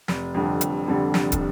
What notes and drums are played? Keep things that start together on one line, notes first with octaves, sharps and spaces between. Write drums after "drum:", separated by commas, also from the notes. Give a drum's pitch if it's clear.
F1, drum: snare
F2 D3 G3
F1, drum: hi-hat
F2 D3 G3
F1, drum: snare
drum: kick, hi-hat